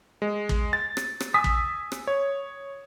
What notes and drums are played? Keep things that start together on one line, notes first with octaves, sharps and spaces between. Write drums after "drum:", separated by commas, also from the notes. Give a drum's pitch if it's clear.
G#3
drum: kick
A6
drum: rim click
drum: rim click
G#5 D#6 E6 B6
drum: kick
drum: rim click
C#5